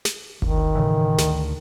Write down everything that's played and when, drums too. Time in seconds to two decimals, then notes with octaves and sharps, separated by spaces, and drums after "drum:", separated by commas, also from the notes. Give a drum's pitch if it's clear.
0.05 drum: snare
0.42 D1 D#3, drum: kick G1
0.75 A2 C#3 E3
1.18 D2, drum: snare